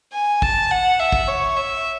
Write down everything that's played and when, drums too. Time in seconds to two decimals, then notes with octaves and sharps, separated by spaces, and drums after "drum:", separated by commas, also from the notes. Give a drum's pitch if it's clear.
0.13 G#5
0.42 A5, drum: kick
0.71 F#5
1.00 E5
1.12 drum: kick
1.28 C#5
1.57 E5